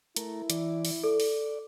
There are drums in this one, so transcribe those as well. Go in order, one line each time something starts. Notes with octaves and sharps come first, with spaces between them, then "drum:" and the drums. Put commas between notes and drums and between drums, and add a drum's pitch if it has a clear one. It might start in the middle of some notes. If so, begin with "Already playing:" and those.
A3 E4 A#4, drum: hi-hat
E3 D5, drum: hi-hat
drum: open hi-hat
A4 D5
drum: open hi-hat